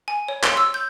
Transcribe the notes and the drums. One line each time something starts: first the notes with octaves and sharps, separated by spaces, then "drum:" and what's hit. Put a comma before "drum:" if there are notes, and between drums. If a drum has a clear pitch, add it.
G#5
C#5
C6, drum: clap
E6
G6